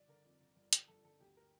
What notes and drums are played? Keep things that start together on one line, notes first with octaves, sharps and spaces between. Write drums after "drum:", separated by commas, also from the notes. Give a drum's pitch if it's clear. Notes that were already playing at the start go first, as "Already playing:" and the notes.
Already playing: G1 D5
D3 A#4
F2
D3
G1
G1, drum: hi-hat
G1 A4
G1 A4
D2 G4
A#4